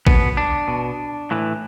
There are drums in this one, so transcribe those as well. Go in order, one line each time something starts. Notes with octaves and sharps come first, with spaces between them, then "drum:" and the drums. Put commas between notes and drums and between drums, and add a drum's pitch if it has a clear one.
B2 B3, drum: kick
D4
B2
A2 E3